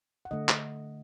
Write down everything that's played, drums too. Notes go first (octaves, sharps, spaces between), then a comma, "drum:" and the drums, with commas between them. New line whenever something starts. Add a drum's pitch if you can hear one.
F#5
D3 A3 D#5
drum: clap